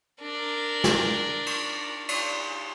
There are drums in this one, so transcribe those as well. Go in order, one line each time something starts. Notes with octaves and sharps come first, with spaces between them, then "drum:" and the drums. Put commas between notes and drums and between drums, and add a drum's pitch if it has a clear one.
D4 A#4
drum: snare
drum: cymbal
drum: cymbal